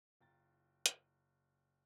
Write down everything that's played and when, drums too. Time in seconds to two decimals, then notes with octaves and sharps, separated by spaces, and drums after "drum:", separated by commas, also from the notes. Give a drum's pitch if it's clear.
0.21 F#1 F4 G5 A#5 A6
0.86 drum: hi-hat